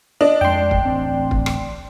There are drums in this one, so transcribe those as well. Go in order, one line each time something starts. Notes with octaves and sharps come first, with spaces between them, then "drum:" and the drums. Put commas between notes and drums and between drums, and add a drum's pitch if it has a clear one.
D4 D#5
F2 G#3 G5 C6
drum: kick
D1 A1 C4
drum: kick
drum: rim click